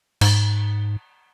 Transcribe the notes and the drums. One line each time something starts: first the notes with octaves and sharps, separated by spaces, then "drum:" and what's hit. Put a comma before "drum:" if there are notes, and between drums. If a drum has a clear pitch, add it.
G#2, drum: cymbal